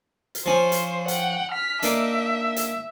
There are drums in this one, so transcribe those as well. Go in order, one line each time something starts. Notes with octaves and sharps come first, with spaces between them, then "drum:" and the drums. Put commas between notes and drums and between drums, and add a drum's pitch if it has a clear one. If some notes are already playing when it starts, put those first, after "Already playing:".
drum: hi-hat
F3 C#4 C5
drum: hi-hat
F#5 G5, drum: hi-hat
F6 B6
A#3 D4 D#4 E5, drum: hi-hat
drum: hi-hat